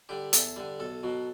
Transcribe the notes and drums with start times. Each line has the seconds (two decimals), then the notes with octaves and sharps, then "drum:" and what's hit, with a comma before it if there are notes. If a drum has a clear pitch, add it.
0.09 D3 G3 G4
0.33 E2 A4, drum: hi-hat
0.56 D3 G3
0.80 B1 A4
1.03 B2 F#3